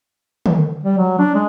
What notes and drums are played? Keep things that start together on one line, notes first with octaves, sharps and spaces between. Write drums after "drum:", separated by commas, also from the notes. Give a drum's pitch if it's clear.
drum: tom D3
G3
F#3
D4
G#3